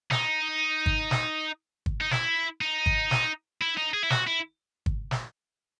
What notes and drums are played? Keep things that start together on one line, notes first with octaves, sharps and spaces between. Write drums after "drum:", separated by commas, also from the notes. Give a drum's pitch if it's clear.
D#4, drum: snare
drum: kick
drum: snare
drum: kick
D#4
E4, drum: snare
D#4
drum: kick
drum: snare
E4
D#4
G#4
E4
F#4, drum: snare
E4
drum: kick
drum: snare